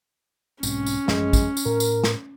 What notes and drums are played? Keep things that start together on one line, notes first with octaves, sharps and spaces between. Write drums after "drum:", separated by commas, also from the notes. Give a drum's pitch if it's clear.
B1 G#2 C4 C#4, drum: tambourine
drum: tambourine
A1 F#2 F3 G#3, drum: snare
drum: kick, tambourine
drum: tambourine
A2 A#4
drum: tambourine
drum: snare